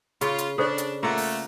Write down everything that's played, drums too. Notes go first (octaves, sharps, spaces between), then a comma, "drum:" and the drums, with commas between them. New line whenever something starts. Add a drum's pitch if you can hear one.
C#3 F4, drum: hi-hat
drum: hi-hat
C#3 D4 A4 C5 D5
drum: hi-hat
A3 A#3 F4 F#5
drum: open hi-hat